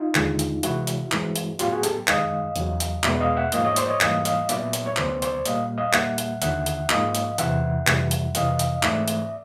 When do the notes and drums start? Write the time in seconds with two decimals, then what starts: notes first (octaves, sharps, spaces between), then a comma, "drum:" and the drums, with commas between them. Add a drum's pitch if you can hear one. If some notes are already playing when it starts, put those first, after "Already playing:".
Already playing: D#4 F4
0.15 D#2 D3 F3 G#3, drum: clap
0.39 drum: hi-hat
0.63 C#2 C3 E3 G#3 E4 F#4, drum: hi-hat
0.87 drum: hi-hat
1.12 G2 E3 G#3 C4, drum: clap
1.36 drum: hi-hat
1.59 A2 F#3 B3 F4 G4, drum: hi-hat
1.71 F#4 G#4
1.83 G4 A4, drum: hi-hat
2.08 F#2 D#3 G#3 D#5 F5, drum: clap
2.56 E2 C#3 F#3, drum: hi-hat
2.80 drum: hi-hat
3.04 E2 B2 G#3 B3 D5 E5, drum: clap
3.20 D#5 F5
3.36 E5 F#5
3.52 G#2 F3 A#3 D#5 F5, drum: hi-hat
3.65 C#5 D#5
3.76 C5 D5, drum: hi-hat
3.88 C#5 D#5
4.01 G#2 E3 G3 A#3 D#5 F5, drum: clap
4.25 D#5 F5, drum: hi-hat
4.49 A#2 F#3 B3 D5 E5, drum: hi-hat
4.73 drum: hi-hat
4.86 C#5
4.97 D2 C#3 F#3 B3 C5 D5, drum: clap
5.22 C5 D5, drum: hi-hat
5.45 A#2 G3 A#3 D#5 F5, drum: hi-hat
5.78 D#5 F5
5.93 A#2 G3 A#3 E5 F#5, drum: clap
6.18 drum: hi-hat
6.42 D#2 D3 F3 E5 F#5, drum: hi-hat
6.66 drum: hi-hat
6.90 G#2 F3 A#3 D#5 F5, drum: clap
7.15 drum: hi-hat
7.38 E2 C3 E3 E5 F#5, drum: hi-hat
7.87 F2 C3 E3 G3, drum: clap
8.11 drum: hi-hat
8.35 F2 C3 E3 D#5 F5, drum: hi-hat
8.59 drum: hi-hat
8.83 G#2 E3 A3 C4 D5 E5, drum: clap
9.08 drum: hi-hat